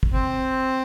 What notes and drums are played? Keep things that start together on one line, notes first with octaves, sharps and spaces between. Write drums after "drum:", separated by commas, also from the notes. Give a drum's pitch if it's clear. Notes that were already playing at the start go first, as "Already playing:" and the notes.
drum: kick
C4